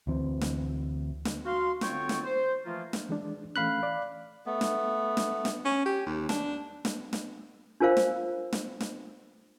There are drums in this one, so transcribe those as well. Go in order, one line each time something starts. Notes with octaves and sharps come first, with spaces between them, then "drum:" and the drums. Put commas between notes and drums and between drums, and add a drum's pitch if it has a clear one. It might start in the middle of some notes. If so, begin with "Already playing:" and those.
D2 E3 C4
drum: snare
drum: snare
F#4 F5 C6
D3 C4 F4 C#5 G5 C#6, drum: snare
drum: snare
C5
E3 F3 A3 A#3 F4
drum: snare
E3 G#3 D4
E3 A3 C#4 F5 B5 F#6
D5
A3 B3
drum: snare
drum: snare
drum: snare
C#4
G4
D#2
D4, drum: snare
drum: snare
drum: snare
D4 F4 A#4 C5 F5
drum: snare
drum: snare
drum: snare